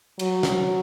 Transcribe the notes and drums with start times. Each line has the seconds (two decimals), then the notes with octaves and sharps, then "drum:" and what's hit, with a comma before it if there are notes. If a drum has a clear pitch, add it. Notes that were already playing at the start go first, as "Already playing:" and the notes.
0.19 F#3, drum: cymbal
0.43 drum: snare